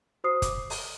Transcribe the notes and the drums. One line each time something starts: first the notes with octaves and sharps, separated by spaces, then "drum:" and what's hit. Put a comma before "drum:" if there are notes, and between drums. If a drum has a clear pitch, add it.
F#4 C5 D#6 C7
D6, drum: kick, hi-hat
drum: open hi-hat